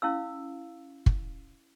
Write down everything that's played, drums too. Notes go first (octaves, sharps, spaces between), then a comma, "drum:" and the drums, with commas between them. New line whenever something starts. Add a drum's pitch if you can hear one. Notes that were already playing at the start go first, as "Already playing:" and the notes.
C#4 E4 F5 E6
drum: kick